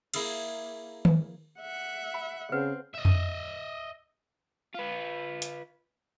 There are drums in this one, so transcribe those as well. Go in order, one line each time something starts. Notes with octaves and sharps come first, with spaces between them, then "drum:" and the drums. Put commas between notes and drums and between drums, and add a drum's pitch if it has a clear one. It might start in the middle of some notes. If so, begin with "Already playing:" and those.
A#3 E4 G#4 F5, drum: cymbal
drum: tom D#3
E5 F#5
B5
C#3 C4 B4 F#5
D#5 E5
drum: tom F2
F4 B4
drum: hi-hat